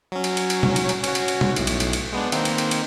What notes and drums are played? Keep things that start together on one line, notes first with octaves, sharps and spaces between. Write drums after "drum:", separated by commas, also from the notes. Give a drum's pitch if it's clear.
F#3 C#4
drum: cymbal
drum: cymbal
drum: cymbal
drum: tom
drum: cymbal
drum: cymbal
C#4 F#4, drum: cymbal
drum: cymbal
drum: cymbal
drum: tom
B1 A2, drum: cymbal
drum: cymbal
drum: cymbal
drum: cymbal
G#3 B3 D4
D#3 A#3 C4, drum: cymbal
drum: cymbal
drum: cymbal
drum: cymbal